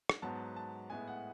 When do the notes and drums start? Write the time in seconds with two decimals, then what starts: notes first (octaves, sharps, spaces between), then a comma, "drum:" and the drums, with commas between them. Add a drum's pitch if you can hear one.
0.09 drum: rim click
0.22 G#2 F#3 B3 A5
0.56 A5
0.90 A2 G#3 B3 G#5
1.07 F#5